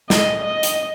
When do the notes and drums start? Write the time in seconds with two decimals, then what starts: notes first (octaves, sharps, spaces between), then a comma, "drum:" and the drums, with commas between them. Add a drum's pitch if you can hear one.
0.10 D#5, drum: snare
0.45 D#5
0.63 drum: hi-hat